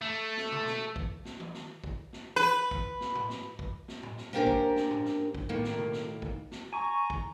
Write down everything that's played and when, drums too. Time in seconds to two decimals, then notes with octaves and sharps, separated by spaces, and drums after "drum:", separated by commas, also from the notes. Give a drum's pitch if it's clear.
0.01 A3
0.37 drum: snare
0.52 drum: tom B2
0.67 drum: snare
0.96 drum: kick
1.25 drum: snare
1.40 drum: tom D#3
1.54 drum: snare
1.84 drum: kick
2.13 drum: snare
2.36 B4
2.71 drum: kick
3.01 drum: snare
3.15 drum: tom G#2
3.30 drum: snare
3.59 drum: kick
3.88 drum: snare
4.03 drum: tom G#2
4.18 drum: snare
4.33 A#3 C#4 D4 G4 A#4 C5
4.47 drum: kick
4.76 drum: snare
4.91 drum: tom G#2
5.05 drum: snare
5.34 drum: kick
5.49 A2 D#3 A#3
5.64 drum: snare
5.78 drum: tom B2
5.93 drum: snare
6.22 drum: kick
6.51 drum: snare
6.73 G#5 A#5 C#6
7.10 drum: kick